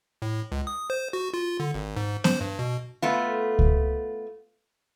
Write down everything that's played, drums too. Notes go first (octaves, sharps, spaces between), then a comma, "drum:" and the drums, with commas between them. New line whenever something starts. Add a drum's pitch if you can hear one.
A2
C#2
D#6
C5
F#4
F4
D3
G#1
G#2
C5, drum: snare B3
G2
B2
A3 B3 F4
drum: kick C#2